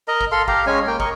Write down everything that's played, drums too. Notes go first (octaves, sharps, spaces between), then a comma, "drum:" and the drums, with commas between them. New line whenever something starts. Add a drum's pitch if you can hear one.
A#4 D#5 A#5
drum: kick
A4 F5 C6
G4 F5 A#5, drum: kick
G#3 C#4 C#5 G#5
A#3 G5
A#4 D#5 C#6, drum: kick